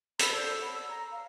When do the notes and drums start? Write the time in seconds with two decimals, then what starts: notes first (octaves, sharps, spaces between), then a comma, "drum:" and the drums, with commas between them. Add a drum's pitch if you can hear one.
0.19 B5 E6, drum: hi-hat
0.32 A4 C5 D5 E6
0.60 C#5 F#5 B5
0.73 E6
0.89 A#5
1.11 F5